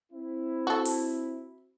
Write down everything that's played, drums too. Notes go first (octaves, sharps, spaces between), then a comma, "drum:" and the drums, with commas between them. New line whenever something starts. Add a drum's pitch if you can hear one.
C4 E4
F#4 A4
drum: open hi-hat